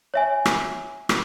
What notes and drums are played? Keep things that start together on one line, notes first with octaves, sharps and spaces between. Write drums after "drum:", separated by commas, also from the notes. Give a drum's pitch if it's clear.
C#5 E5 G#5
drum: rim click
drum: rim click